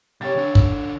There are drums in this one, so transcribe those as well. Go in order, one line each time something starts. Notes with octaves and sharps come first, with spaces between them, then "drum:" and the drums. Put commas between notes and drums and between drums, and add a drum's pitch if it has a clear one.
C2 G4 C#5 G5 A6
C#3 D4
drum: kick